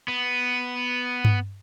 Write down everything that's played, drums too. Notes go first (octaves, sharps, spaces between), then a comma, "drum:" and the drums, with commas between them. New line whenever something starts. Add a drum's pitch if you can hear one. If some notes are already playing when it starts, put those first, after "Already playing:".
B3
drum: tom G2